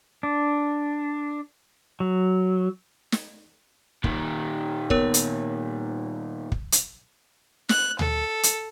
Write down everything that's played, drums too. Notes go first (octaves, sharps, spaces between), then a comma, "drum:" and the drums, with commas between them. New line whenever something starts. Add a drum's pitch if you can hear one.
D4
F#3
drum: snare
A#2 D#3, drum: kick
B3 A#4 C#5, drum: kick
drum: hi-hat
drum: kick
drum: hi-hat
F#6, drum: snare
A4, drum: tom D2
drum: hi-hat